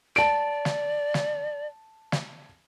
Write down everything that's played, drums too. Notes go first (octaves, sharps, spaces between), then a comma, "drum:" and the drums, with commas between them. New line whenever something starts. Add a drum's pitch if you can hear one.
D5 A5 D7
drum: snare
drum: snare
drum: snare